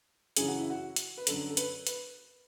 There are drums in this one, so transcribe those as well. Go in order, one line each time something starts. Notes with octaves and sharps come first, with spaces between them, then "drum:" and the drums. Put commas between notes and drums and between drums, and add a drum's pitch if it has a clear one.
F#2 C#3 E3 G#4, drum: hi-hat
F#4
E4
F#4
drum: hi-hat
B4
F#2 D3 A4, drum: hi-hat
A4
B4, drum: hi-hat
B4, drum: hi-hat